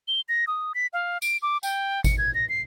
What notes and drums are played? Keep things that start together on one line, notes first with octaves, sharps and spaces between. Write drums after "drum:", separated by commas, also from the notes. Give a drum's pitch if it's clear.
G7
A#6
D#6
B6
F5
D7, drum: tambourine
D6
G5, drum: tambourine
C#7, drum: kick G#1, tambourine
G#6
A#6
C7